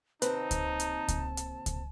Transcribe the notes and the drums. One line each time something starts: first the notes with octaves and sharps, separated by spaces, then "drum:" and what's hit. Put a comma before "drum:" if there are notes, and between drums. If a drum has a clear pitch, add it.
D#2 C3 C4 D#4 B4 A5, drum: hi-hat
drum: kick C#2, hi-hat
drum: hi-hat
drum: kick C#2, hi-hat
drum: hi-hat
drum: kick C#2, hi-hat